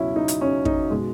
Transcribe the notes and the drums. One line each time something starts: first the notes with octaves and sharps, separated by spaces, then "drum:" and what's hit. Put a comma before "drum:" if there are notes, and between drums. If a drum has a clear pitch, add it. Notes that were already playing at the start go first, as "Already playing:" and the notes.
Already playing: C#2 B2 F#3 C#4 E4
D#4
drum: hi-hat
C#4
D#4, drum: kick
B2 G#3